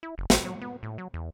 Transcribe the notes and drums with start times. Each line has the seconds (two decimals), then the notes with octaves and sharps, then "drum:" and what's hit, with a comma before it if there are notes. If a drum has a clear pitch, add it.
0.03 E4
0.18 F#1
0.30 A1, drum: snare
0.44 F#3
0.61 B3
0.83 A2
0.98 F#3
1.14 E2